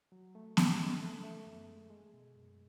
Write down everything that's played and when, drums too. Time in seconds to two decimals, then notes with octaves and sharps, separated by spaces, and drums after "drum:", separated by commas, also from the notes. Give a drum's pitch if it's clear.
0.12 F#3
0.35 A3
0.57 G#3, drum: snare B3
0.79 D3
1.02 A3
1.24 A3
1.46 F#2
1.69 G#3
1.90 G#3
2.14 B2
2.35 F#2